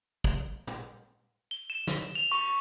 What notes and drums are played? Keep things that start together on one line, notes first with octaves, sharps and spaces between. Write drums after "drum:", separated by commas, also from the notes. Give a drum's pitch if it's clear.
drum: kick
drum: tom
G7
E7
drum: snare
F7
C#6, drum: cymbal